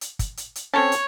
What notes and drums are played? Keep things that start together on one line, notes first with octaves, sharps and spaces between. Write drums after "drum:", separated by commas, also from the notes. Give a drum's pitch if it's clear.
drum: hi-hat
drum: kick, hi-hat
drum: hi-hat
drum: hi-hat
C4 C#4 A4 C#5 A5
drum: hi-hat